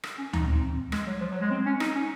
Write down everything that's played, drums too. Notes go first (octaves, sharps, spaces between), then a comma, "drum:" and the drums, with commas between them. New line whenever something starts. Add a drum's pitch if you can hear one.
drum: rim click
C#4
D#4, drum: tom D2
C4
G#3, drum: rim click
F#3
F3
F#3
G#3
C4
C#4
D#4, drum: rim click
C#4